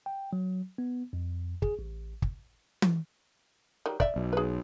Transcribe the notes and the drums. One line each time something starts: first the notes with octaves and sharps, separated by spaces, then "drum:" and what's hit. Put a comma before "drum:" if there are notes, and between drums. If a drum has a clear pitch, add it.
G5
F#3
B3
F2
G#4, drum: kick
A1
drum: kick
drum: tom E3
D#3 F#3 G3
D5 E5, drum: kick
B1
G#4 B4